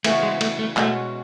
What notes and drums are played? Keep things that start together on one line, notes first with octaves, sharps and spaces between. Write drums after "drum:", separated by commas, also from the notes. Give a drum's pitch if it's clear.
C#3 E3 A3 B3 F#4, drum: cymbal
G#3
A3, drum: cymbal
A3
B2 G#3 A3 C#4 F#4, drum: clap